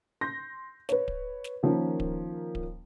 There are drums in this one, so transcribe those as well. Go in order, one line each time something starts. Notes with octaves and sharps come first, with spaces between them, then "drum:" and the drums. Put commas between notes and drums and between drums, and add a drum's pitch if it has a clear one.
C6 G6 A#6
B4 C#5, drum: snare
drum: kick D1
drum: snare
D#3 F3 A#3 C#4
drum: kick D1
drum: kick D1